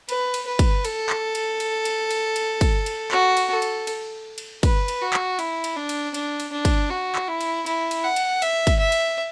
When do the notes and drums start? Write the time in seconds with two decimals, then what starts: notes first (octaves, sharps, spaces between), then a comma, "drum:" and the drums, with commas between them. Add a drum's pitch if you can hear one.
0.09 B4, drum: cymbal
0.34 drum: cymbal
0.46 B4
0.59 drum: kick, cymbal
0.85 A4, drum: cymbal
1.10 drum: clap
1.35 drum: cymbal
1.60 drum: cymbal
1.85 drum: cymbal
2.11 drum: cymbal
2.36 drum: cymbal
2.61 drum: kick, cymbal
2.86 drum: cymbal
3.12 F#4, drum: clap
3.37 drum: cymbal
3.49 A4
3.62 drum: cymbal
3.87 drum: cymbal
4.38 drum: cymbal
4.63 B4, drum: kick, cymbal
4.88 drum: cymbal
5.01 F#4
5.13 drum: clap
5.39 E4, drum: cymbal
5.64 drum: cymbal
5.76 D4
5.89 drum: cymbal
6.14 D4, drum: cymbal
6.40 drum: cymbal
6.52 D4
6.65 drum: kick, cymbal
6.90 F#4
7.15 drum: clap
7.28 E4
7.41 drum: cymbal
7.66 E4, drum: cymbal
7.91 drum: cymbal
8.04 F#5
8.16 drum: cymbal
8.42 E5, drum: cymbal
8.67 drum: kick, cymbal
8.79 E5
8.92 drum: cymbal